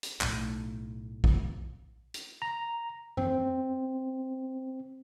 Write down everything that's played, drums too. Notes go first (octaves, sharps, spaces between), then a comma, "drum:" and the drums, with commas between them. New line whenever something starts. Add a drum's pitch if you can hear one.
drum: hi-hat
B1 A2, drum: clap
drum: kick A#1
drum: hi-hat
A#5
C4, drum: tom F#2